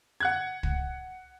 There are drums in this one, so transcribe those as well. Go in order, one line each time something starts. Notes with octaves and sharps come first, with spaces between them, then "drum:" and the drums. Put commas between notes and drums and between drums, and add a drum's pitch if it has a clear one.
F#5 F#6 G#6
drum: kick